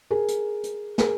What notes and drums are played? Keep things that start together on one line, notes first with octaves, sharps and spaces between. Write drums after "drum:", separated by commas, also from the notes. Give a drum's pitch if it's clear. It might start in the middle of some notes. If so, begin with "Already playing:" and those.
G#4 A#4
drum: hi-hat
drum: hi-hat
G#4 A#4, drum: snare